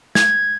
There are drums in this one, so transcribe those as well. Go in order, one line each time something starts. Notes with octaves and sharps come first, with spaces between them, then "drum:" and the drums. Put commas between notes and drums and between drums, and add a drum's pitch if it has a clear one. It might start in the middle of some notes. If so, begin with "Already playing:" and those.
G#6, drum: snare